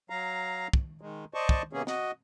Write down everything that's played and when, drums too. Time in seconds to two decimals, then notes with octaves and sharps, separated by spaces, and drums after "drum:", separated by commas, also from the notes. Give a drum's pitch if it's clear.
0.10 F#3 F5 A#5
0.73 drum: kick
1.01 D#3 G#3
1.34 C5 D5 D#5 A5 C#6
1.49 drum: kick
1.73 C3 A#3 B3 C#4 G#4
1.87 F#4 D#5, drum: snare